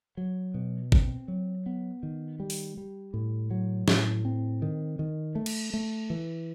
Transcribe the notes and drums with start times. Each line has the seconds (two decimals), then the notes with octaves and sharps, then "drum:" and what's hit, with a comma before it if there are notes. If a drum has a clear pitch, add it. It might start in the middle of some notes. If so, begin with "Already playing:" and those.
0.17 F#3
0.54 B2
0.92 C4, drum: kick
1.28 F#3
1.66 B3
2.03 D#3
2.40 G3
2.50 drum: open hi-hat
2.77 G3
3.14 A2
3.51 F#3
3.88 A2, drum: snare
4.25 C4
4.62 D#3
4.99 D#3
5.35 A3
5.46 drum: cymbal
5.74 A3
6.10 E3